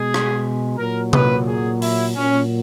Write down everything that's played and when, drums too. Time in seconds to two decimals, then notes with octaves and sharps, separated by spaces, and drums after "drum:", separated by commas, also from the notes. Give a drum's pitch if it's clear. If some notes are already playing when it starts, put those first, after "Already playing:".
Already playing: B2 G#3 G#4
0.14 drum: rim click
0.78 A#2 F#3 A#4
1.13 B4, drum: tom C3
1.48 G#4
1.82 E4, drum: open hi-hat
2.16 A#2 F#3 C#4